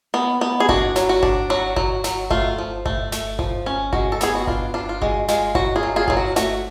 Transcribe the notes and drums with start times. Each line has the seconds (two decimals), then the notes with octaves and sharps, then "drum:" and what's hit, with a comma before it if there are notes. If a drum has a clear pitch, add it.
0.14 B3
0.41 B3
0.60 G#4
0.69 D4 F#4, drum: kick G1
0.96 F#3, drum: snare
1.09 F#4
1.23 D4, drum: kick G1
1.50 F#3 F#4
1.76 F#3, drum: kick G1
2.04 F#3, drum: snare
2.30 A3 F4, drum: kick G1
2.58 F3
2.86 A3, drum: kick G1
3.12 A3, drum: snare
3.39 F3, drum: kick G1
3.66 C#4
3.93 G#3 F#4, drum: kick G1
4.12 A4
4.21 B3 G#4, drum: snare
4.35 F#4
4.47 D4 F4, drum: kick G1
4.74 D4 F4
4.89 F4
5.02 G#3 F#4, drum: kick G1
5.28 G#3 F4, drum: snare
5.55 F#3 F#4, drum: kick G1
5.76 F4 G#4
5.83 F#3
5.96 F4 G#4
6.08 F#3 G#4, drum: kick G1
6.17 F#4
6.36 A3 F#4, drum: snare